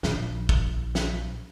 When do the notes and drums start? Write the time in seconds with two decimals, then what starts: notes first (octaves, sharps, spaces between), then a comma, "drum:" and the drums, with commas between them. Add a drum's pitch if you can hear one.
0.03 A#1, drum: snare
0.49 drum: kick
0.95 drum: snare